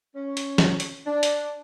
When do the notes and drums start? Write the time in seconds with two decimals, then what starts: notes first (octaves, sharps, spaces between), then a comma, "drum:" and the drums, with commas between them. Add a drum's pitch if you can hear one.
0.15 C#4
0.37 drum: hi-hat
0.58 drum: snare
0.80 drum: hi-hat
1.05 D4
1.23 drum: hi-hat